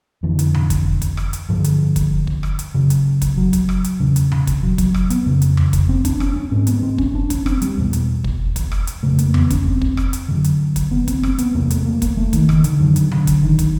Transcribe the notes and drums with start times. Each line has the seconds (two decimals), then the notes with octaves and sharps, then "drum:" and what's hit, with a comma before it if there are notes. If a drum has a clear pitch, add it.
0.23 F2 D3 E3
0.39 drum: hi-hat
0.54 drum: tom B2
0.70 drum: kick, hi-hat
1.02 drum: kick, hi-hat
1.17 drum: rim click
1.33 drum: hi-hat
1.49 G2 D3 F3
1.64 drum: hi-hat
1.96 drum: kick, hi-hat
2.27 drum: kick
2.43 drum: rim click
2.59 drum: hi-hat
2.74 F#2 C#3
2.90 drum: hi-hat
3.22 drum: kick, hi-hat
3.38 F#3
3.53 drum: kick, hi-hat
3.69 drum: rim click
3.84 drum: hi-hat
4.00 E2 C#3
4.16 drum: hi-hat
4.32 drum: tom B2
4.47 drum: kick, hi-hat
4.63 F#3
4.78 F#3, drum: kick, hi-hat
4.94 drum: rim click
5.10 B3, drum: hi-hat
5.26 F2 C#3
5.42 drum: hi-hat
5.57 drum: tom E2
5.73 drum: kick, hi-hat
5.89 C4
6.05 D4, drum: kick, hi-hat
6.20 C#4, drum: rim click
6.36 C#4
6.51 G#2 C4
6.67 B3, drum: hi-hat
6.83 C4
6.98 C#4, drum: kick
7.15 D4
7.30 C#4, drum: kick, hi-hat
7.46 C4, drum: rim click
7.62 G3, drum: hi-hat
7.77 E2 B2
7.93 drum: hi-hat
8.24 drum: kick
8.56 drum: kick, hi-hat
8.72 drum: rim click
8.87 drum: hi-hat
9.03 F2 C#3 A3
9.19 A#3, drum: hi-hat
9.34 B3, drum: tom E2
9.50 C#4, drum: kick, hi-hat
9.65 C4
9.82 drum: kick
9.97 drum: rim click
10.13 drum: hi-hat
10.28 F#2 D3
10.44 drum: hi-hat
10.76 drum: kick, hi-hat
10.91 B3
11.08 C4, drum: kick, hi-hat
11.23 C4, drum: rim click
11.38 B3, drum: hi-hat
11.55 E2 C3 A#3
11.70 A3, drum: hi-hat
11.86 A#3
12.02 A#3, drum: kick, hi-hat
12.17 A3
12.33 D#3, drum: kick, hi-hat
12.49 D#3, drum: rim click
12.64 D3, drum: hi-hat
12.80 F#2 D3 D#3
12.96 drum: hi-hat
13.11 D3, drum: tom B2
13.27 drum: kick, hi-hat
13.43 D#3
13.59 drum: kick, hi-hat